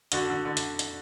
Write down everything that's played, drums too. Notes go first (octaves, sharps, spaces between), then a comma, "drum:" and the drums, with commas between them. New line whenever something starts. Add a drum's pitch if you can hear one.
D3 F#4, drum: hi-hat
D3
D3
drum: hi-hat
drum: hi-hat